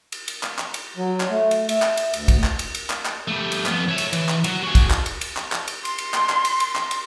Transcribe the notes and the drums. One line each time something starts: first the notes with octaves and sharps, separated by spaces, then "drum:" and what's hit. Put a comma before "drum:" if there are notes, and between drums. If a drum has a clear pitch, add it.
drum: cymbal
drum: cymbal
drum: clap
drum: clap
drum: cymbal
F#3
drum: clap
A3
drum: cymbal
E5, drum: cymbal
drum: clap
drum: cymbal
D2, drum: cymbal
drum: kick, cymbal
drum: clap
drum: cymbal
drum: cymbal
drum: clap
drum: clap
G3 A3
drum: cymbal
F2 B3, drum: clap
C#5 E5
drum: cymbal
E3, drum: cymbal
drum: clap
F#3 F#4, drum: cymbal
F#4 G#4
drum: kick, cymbal
drum: clap
drum: cymbal
drum: cymbal
drum: clap
drum: clap
drum: cymbal
C6, drum: cymbal
drum: cymbal
drum: clap
drum: clap
drum: cymbal
drum: cymbal
drum: clap
drum: cymbal